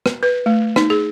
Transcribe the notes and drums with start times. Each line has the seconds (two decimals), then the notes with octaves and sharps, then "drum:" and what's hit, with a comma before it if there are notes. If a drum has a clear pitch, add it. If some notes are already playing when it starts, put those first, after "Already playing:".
0.06 drum: rim click
0.23 B4
0.46 A3
0.76 D#4, drum: rim click
0.90 G#4